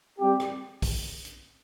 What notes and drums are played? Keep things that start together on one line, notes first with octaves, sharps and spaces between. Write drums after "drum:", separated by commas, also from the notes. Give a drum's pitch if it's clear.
G3 C4 G4
drum: rim click
drum: kick, open hi-hat
drum: hi-hat